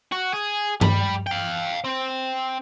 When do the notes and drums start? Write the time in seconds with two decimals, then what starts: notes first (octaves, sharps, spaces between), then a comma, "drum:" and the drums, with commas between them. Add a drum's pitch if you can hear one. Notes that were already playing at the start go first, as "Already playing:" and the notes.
0.12 F#4
0.33 G#4
0.81 G3 B5, drum: tom G2
1.27 F5 G5
1.84 C4